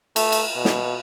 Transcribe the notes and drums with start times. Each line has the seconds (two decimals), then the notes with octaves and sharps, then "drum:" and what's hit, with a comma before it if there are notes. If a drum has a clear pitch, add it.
0.16 A3, drum: cymbal
0.32 drum: cymbal
0.56 B2
0.65 drum: snare